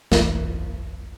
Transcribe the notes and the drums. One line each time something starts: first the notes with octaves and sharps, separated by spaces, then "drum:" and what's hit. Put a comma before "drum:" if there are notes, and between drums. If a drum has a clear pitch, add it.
F#1 B1 E2 E3, drum: snare